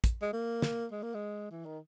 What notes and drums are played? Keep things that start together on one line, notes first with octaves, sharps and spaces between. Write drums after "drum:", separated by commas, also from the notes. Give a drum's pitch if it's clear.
drum: kick, hi-hat
G#3
A#3
drum: snare
G#3
A#3
G#3
E3
D#3